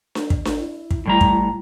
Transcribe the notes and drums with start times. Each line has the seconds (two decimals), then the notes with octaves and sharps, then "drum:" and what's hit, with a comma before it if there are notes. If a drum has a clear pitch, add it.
0.15 drum: snare D4
0.30 drum: kick
0.45 drum: snare D4
0.60 E4
0.91 drum: kick
1.06 A2 G3 A#5
1.21 drum: kick